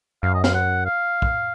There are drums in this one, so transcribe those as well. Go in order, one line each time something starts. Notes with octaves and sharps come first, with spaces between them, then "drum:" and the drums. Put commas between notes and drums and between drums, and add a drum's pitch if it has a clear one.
F#2 F5
D#5
F5, drum: snare
F#5
F5
drum: kick